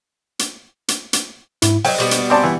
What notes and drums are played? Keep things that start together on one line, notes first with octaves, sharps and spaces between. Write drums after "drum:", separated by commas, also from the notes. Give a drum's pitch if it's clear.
drum: hi-hat
drum: hi-hat
drum: hi-hat
G#2 E4, drum: hi-hat
F#3 C5 D5 D#5 G5, drum: open hi-hat
B2 G3 B3
drum: hi-hat
C4 D5 G#5 A5 B5 D6
E3